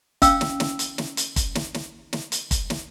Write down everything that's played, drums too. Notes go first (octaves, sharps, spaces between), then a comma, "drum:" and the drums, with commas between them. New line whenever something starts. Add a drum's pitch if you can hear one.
C#4 F5 G5 E6, drum: kick, hi-hat
drum: snare
drum: snare
drum: hi-hat
drum: snare
drum: hi-hat
drum: kick, hi-hat
drum: snare
drum: snare
drum: snare
drum: hi-hat
drum: kick, hi-hat
drum: snare